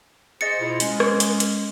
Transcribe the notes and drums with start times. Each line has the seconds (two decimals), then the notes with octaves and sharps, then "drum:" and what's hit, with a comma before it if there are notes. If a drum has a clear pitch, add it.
0.41 G#4 C5 D#5 A6 C#7
0.59 B2 E4 F4
0.80 G#3 C#4, drum: hi-hat
1.00 drum: rim click
1.20 drum: hi-hat
1.40 drum: hi-hat